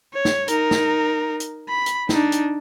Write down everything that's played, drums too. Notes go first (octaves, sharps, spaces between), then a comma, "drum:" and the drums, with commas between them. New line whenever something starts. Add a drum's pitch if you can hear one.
C#5
drum: snare
D#4 A#4, drum: hi-hat
drum: snare
drum: hi-hat
B5
drum: hi-hat
D4 D#4, drum: snare
drum: hi-hat